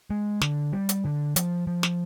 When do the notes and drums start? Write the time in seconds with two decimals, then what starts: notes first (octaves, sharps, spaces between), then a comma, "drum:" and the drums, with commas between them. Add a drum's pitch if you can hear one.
0.10 G#3
0.41 D3, drum: snare
0.73 G3
0.89 drum: hi-hat
1.05 D3
1.36 F3, drum: hi-hat
1.67 F3
1.83 drum: snare